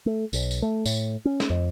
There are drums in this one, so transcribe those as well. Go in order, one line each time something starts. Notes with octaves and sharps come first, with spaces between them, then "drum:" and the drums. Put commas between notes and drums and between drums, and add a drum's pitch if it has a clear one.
A3
B1, drum: tambourine
drum: tambourine
A3
A2, drum: tambourine
C#4
drum: snare
F2